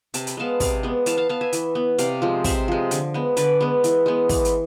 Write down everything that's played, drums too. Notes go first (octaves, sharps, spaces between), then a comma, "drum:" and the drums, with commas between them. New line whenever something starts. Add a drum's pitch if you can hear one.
C3 A5, drum: hi-hat
B5, drum: hi-hat
G#3 B3 F5 A5
C3 D5 F5, drum: kick, open hi-hat
G#3 B3
E3 F5 A5, drum: hi-hat
F5 A5
B3 F5 A5
E5 G#5
E3, drum: hi-hat
B3
C3 D5 F5, drum: hi-hat
F3 G#3
C3 C5 E5, drum: kick, open hi-hat
F3 G#3
D3, drum: hi-hat
G#3 B3
D3 B4 D5, drum: hi-hat
G#3 B3
E3, drum: hi-hat
G#3 B3
E3, drum: kick, open hi-hat
drum: hi-hat